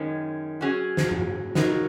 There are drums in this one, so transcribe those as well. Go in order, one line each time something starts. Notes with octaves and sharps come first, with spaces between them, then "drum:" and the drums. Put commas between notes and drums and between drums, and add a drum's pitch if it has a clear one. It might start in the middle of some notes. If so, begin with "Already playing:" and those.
Already playing: F#2 D#3 G#3 C#4
F#3 C#4 G#4
drum: snare
drum: tom G#2
F#3 D#4 A#4, drum: snare